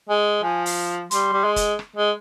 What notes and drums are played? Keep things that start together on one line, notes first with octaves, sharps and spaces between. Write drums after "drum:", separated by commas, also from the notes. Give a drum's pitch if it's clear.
G#3 G#5
F3 G#5
drum: open hi-hat
G3 C6, drum: hi-hat
G3
G#3
drum: kick, hi-hat
drum: rim click
G#3